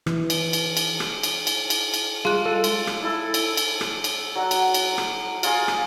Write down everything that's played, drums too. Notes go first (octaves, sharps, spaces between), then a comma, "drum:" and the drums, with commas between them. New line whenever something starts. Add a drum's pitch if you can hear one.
E3, drum: rim click
drum: cymbal
drum: cymbal
drum: cymbal
drum: rim click
drum: cymbal
drum: cymbal
drum: cymbal
drum: cymbal
G3 G#3 F4 G#4 F#6
A4 D#7
drum: cymbal
drum: rim click
E4 A4 E6
drum: cymbal
drum: cymbal
drum: rim click
drum: cymbal
F#3 F#5
drum: cymbal
drum: cymbal
drum: rim click
F4 G#4 A#4, drum: cymbal
drum: rim click